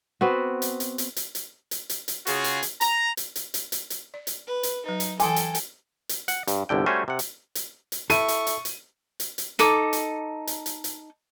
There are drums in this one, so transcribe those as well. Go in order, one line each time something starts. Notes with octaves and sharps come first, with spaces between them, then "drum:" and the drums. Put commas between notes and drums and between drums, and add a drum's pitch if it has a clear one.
B3 C4 F#4
drum: hi-hat
drum: hi-hat
drum: hi-hat
drum: hi-hat
drum: hi-hat
drum: hi-hat
drum: hi-hat
drum: hi-hat
C#3 F4 F#4 G#4, drum: hi-hat
drum: hi-hat
drum: hi-hat
A#5, drum: hi-hat
drum: hi-hat
drum: hi-hat
drum: hi-hat
drum: hi-hat
drum: hi-hat
D5
drum: hi-hat
B4
drum: hi-hat
F#3 D#4 B4
drum: hi-hat
E3 A4 G5 G#5 C6 D6, drum: hi-hat
drum: hi-hat
drum: hi-hat
drum: hi-hat
F#5, drum: hi-hat
G2, drum: hi-hat
G1 C2 D3 G5
G3 A3 C#4 F#4 C5 G#5
C3 F#5
drum: hi-hat
drum: hi-hat
drum: hi-hat
E4 A4 C#6 D#7, drum: hi-hat
drum: hi-hat
drum: hi-hat
drum: hi-hat
drum: hi-hat
drum: hi-hat
D#4 A4 D6, drum: hi-hat
drum: hi-hat
drum: hi-hat
drum: hi-hat
drum: hi-hat